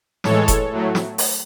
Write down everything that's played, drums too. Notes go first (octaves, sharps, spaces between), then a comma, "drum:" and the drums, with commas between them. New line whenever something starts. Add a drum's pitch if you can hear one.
A2 E3 G#3 A4 C#5, drum: snare
drum: kick F1, hi-hat
A2 F#3 A3
drum: snare
drum: open hi-hat